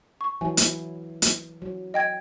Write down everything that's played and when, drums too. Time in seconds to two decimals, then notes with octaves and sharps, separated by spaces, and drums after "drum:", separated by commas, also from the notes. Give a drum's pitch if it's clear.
0.21 C#6
0.41 E3 F#3 E4 G#5
0.57 drum: hi-hat
1.22 drum: hi-hat
1.62 F#3
1.94 D#5 G5 G#6